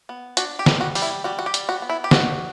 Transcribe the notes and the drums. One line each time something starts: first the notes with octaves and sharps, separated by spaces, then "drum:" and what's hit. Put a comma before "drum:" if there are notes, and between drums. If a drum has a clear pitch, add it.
B3
D4 F#4, drum: hi-hat
G4
G3, drum: snare
F#4
G3, drum: open hi-hat
E4
G3 F#4
F#4
G4
G3, drum: hi-hat
F#4
B3
E4
G4
D4 F#4, drum: snare